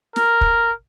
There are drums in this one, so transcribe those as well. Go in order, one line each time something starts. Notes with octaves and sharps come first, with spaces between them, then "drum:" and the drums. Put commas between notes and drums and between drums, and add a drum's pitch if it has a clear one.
A#4, drum: snare
drum: kick